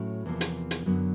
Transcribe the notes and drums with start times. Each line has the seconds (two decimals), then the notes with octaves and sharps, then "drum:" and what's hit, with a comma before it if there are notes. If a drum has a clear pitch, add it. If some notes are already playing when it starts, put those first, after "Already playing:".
Already playing: A2 F#3 A3 C#4
0.26 E2 C3 F3 A#3
0.41 drum: hi-hat
0.71 drum: hi-hat
0.86 F#2 D3 F#3 B3